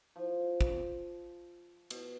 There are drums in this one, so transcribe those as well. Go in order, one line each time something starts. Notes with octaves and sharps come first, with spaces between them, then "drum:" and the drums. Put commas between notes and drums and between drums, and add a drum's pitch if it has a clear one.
F3
drum: kick
B2, drum: cymbal